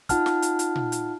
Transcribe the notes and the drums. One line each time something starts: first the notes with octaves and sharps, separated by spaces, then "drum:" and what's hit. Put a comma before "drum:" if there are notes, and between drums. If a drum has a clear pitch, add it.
D#4 F4 F#5 A5 F6, drum: kick, hi-hat
drum: snare
drum: hi-hat
drum: hi-hat
drum: tom A#2
drum: hi-hat